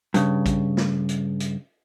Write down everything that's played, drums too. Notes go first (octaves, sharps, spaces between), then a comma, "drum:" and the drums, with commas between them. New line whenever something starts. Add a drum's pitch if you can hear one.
G2 C#3, drum: hi-hat
drum: kick, hi-hat
drum: snare
drum: hi-hat
drum: hi-hat